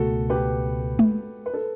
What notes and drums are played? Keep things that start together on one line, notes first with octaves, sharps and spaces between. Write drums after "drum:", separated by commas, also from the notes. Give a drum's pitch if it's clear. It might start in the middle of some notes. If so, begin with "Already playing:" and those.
Already playing: C#2 B2 A3 F#4 A4
G4 B4
drum: tom G#3
B4
A4